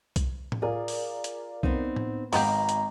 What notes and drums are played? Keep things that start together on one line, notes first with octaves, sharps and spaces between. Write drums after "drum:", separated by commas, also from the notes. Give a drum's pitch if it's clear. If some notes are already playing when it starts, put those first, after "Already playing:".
drum: kick C2, hi-hat
drum: tom A2
F4 G#4 A#4 D5
drum: open hi-hat
drum: hi-hat
B3 C4 D#4, drum: kick C2
drum: tom A2
G#1 B3 D#4 G4 B4 F5 A#5, drum: open hi-hat
drum: hi-hat